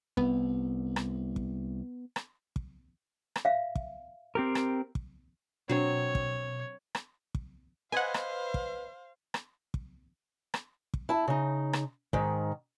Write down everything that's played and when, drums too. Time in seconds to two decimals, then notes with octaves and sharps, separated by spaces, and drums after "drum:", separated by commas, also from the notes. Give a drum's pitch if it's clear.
0.17 C2 B3
0.96 drum: rim click
1.36 drum: kick
2.16 drum: rim click
2.56 drum: kick
3.36 drum: rim click
3.45 E5 F5
3.75 drum: kick
4.35 C4 G4 A#4
4.55 drum: rim click
4.95 drum: kick
5.69 B2 F#3 C4 D4 C#5
6.15 drum: kick
6.95 drum: rim click
7.35 drum: kick
7.92 B4 C5 D#5 F5 F#5 G#5
8.14 drum: rim click
8.54 drum: kick
9.34 drum: rim click
9.74 drum: kick
10.54 drum: rim click
10.94 drum: kick
11.09 E4 A5
11.28 C#3 D#4
11.73 drum: rim click
12.13 G#2 D#3, drum: kick